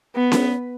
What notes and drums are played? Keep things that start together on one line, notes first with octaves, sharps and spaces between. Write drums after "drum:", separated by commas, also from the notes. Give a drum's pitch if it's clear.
B3
drum: snare C#4